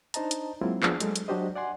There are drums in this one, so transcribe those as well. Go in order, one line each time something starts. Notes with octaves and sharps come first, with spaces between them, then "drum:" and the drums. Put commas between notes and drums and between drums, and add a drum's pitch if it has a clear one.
D4 D#4 C5 D#5 A5 A#5, drum: hi-hat
drum: hi-hat
F#3 G#3 A#3 C4 E4 F4
F3 B3 D4 G#4, drum: clap
F#3 G#3 A4, drum: hi-hat
drum: hi-hat
F#3 D4 F#4 G4 C5 D#5
D5 F#5 G#5 C6